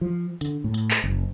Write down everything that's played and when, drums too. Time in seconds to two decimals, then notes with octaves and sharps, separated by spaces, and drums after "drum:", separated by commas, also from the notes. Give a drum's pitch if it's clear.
0.01 F3
0.41 D3, drum: hi-hat
0.64 A2
0.74 drum: hi-hat
0.91 drum: clap
1.04 F#1